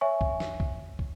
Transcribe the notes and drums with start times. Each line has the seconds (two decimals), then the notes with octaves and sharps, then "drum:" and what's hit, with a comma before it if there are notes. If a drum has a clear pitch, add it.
0.01 C#5 E5 G#5 C#6
0.21 drum: kick
0.40 drum: snare
0.60 drum: kick
0.99 drum: kick